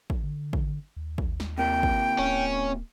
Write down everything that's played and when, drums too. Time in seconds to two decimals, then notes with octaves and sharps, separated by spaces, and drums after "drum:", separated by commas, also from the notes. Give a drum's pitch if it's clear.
0.10 drum: kick
0.23 D3
0.53 drum: kick
0.96 D#2
1.18 drum: kick
1.40 drum: snare
1.58 C3 A#3 G5
1.83 drum: kick
2.19 D1 C#4